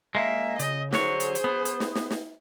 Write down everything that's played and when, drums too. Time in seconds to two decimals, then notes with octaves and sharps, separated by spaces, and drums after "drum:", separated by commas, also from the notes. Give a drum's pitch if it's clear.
0.15 G#3 A#3 E5
0.59 C#3 D#5, drum: hi-hat
0.93 D3 F#3 G#4 C5 C#5, drum: snare
1.20 drum: hi-hat
1.35 drum: hi-hat
1.44 B3
1.65 drum: hi-hat
1.80 drum: snare
1.95 drum: snare
2.11 drum: snare